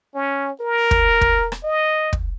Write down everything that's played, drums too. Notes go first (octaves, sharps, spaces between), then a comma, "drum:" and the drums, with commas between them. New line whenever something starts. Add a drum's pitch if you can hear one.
C#4
A#4
drum: kick
drum: kick
drum: rim click
D#5
drum: kick